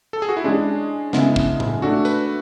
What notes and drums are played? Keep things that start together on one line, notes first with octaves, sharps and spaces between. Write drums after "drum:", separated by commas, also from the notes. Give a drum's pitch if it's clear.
A4
G#4
F#4
E4
G#3 C#4 D4 G#4
C#3 G#3 B3 E4, drum: snare
drum: kick
drum: tom A2
A3 D4 F#4 A4
B4, drum: tambourine